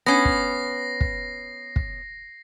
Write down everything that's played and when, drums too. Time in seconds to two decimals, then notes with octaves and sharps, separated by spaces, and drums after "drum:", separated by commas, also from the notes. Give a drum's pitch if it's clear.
0.06 B3 C#4 A#6 C7
0.25 drum: kick
1.01 drum: kick
1.76 drum: kick